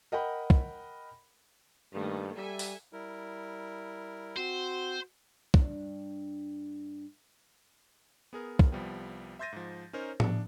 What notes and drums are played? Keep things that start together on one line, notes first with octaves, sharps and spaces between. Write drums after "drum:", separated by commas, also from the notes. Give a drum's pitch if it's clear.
A#4 D#5 F#5 G5 B5
drum: kick
G2 D#3 A3 A#3
G3 A4 E5 G#5
drum: open hi-hat
G3 E4 A#4
C4 F#4 C5
G2 D4, drum: kick
B3 G#4 A#4
drum: kick
C2 F3 G3 B3 G5
E5 C6 G6 A6 A#6 D#7
G#2 F3
C#4 D#4 A#4 C5 C#5
D4 C#7, drum: tom A2